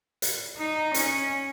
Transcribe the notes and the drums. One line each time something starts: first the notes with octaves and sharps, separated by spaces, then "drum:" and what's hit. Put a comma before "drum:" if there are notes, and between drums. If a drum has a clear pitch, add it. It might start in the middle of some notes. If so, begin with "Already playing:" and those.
drum: hi-hat
D#4
C#4, drum: hi-hat